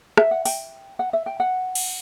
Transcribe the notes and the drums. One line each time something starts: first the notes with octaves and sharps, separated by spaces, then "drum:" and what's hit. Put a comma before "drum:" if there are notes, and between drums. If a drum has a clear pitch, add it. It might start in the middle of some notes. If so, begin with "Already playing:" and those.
E5, drum: rim click
F#5
G5, drum: open hi-hat
F#5
E5
G5
F#5
drum: cymbal